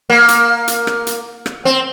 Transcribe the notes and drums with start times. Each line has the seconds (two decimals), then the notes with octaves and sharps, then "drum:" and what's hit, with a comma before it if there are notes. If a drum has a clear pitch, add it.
0.10 A#3
0.28 drum: hi-hat
0.68 drum: hi-hat
0.87 drum: rim click
1.07 drum: hi-hat
1.46 drum: rim click
1.65 C4